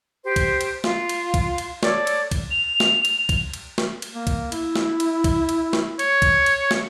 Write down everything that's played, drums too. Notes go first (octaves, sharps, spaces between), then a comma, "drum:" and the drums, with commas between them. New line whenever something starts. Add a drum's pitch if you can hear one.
G4 C5
drum: kick, cymbal
drum: cymbal
F4, drum: snare
drum: cymbal
drum: kick, cymbal
drum: cymbal
A4 C#5 D5, drum: snare
drum: cymbal
drum: kick, cymbal
F7
drum: snare
drum: cymbal
drum: kick, cymbal
drum: cymbal
drum: snare
drum: cymbal
A#3
drum: kick, cymbal
E4, drum: cymbal
drum: snare
drum: cymbal
drum: kick, cymbal
drum: cymbal
drum: snare
C#5, drum: cymbal
drum: kick, cymbal
drum: cymbal
drum: snare